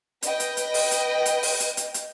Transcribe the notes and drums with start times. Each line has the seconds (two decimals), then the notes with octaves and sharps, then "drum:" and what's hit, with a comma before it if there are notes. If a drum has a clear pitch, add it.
0.23 B4 D#5 G5, drum: hi-hat
0.40 drum: hi-hat
0.57 drum: hi-hat
0.74 drum: open hi-hat
0.91 drum: hi-hat
1.26 drum: hi-hat
1.43 drum: open hi-hat
1.60 drum: hi-hat
1.77 drum: hi-hat
1.94 drum: hi-hat